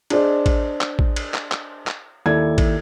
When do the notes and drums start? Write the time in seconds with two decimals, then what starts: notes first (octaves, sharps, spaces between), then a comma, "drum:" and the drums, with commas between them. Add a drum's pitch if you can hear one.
0.10 D4 G#4 C5 D5 D#5, drum: cymbal
0.46 drum: kick A1, cymbal
0.81 drum: clap
0.99 drum: kick A1
1.16 drum: cymbal
1.34 drum: clap
1.52 drum: clap
1.87 drum: clap
2.26 D#2 E4 A4 D5 G#6
2.58 drum: kick A1, cymbal